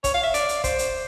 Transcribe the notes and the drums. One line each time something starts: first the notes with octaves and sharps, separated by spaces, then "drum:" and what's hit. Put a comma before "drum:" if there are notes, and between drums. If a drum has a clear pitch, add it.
C#5, drum: kick, hi-hat
F5
E5
D5, drum: hi-hat
drum: hi-hat
C5, drum: kick, hi-hat
drum: hi-hat